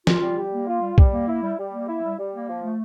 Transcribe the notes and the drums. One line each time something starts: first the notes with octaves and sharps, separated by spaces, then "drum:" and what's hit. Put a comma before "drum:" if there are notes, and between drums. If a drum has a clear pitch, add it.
F4, drum: snare
G3
G3
A#3
F4
G3
G3, drum: kick
A#3
E4
G3
G3
A#3
E4
G3
G3
A#3
F3
A3